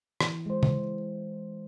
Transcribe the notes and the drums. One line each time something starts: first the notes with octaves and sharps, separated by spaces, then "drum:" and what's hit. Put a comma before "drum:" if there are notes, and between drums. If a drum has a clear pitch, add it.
E3, drum: rim click
G#3 C5
drum: tom